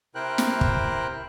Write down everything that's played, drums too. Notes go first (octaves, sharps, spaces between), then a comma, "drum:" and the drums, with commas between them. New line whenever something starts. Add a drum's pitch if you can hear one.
C3 E4 A#4 C5 G5 F#6
drum: snare
drum: kick